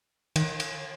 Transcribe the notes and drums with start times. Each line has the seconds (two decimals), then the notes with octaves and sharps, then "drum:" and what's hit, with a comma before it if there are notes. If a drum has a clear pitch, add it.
0.36 D#3, drum: cymbal
0.60 drum: cymbal